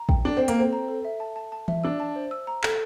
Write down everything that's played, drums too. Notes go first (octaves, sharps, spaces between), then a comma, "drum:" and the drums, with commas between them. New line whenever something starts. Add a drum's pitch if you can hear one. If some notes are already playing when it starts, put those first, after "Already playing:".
Already playing: A#5
G5, drum: kick
D4 A4
C4 G5
A#3, drum: hi-hat
C4 A4
A#5
A4
E5
A5
A5
A5
E5, drum: tom E3
D4 E6
A5
C5
E6
A#5
A4, drum: clap